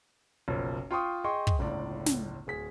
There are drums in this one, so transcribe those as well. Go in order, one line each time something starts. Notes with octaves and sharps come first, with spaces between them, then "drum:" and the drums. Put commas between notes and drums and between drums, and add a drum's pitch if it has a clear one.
F#1 B1 F3
F4 G5 C6 C#6 D#6
G#4 D#5 G5 C6 C#6
drum: kick
G1 C#2 A2 D5
drum: snare
D1 G#4 B6